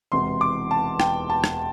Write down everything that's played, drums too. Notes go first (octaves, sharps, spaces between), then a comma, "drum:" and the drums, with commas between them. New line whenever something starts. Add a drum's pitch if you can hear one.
E1 E2 C3 C6
D6
A5
G5, drum: rim click
A5
drum: rim click